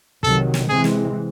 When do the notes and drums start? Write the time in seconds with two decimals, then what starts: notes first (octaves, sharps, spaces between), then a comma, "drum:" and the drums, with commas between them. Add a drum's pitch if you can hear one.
0.23 C3 D#3 F#3 A4, drum: kick
0.54 drum: snare
0.69 C3 E3 G#3 C4 G#4
0.84 drum: snare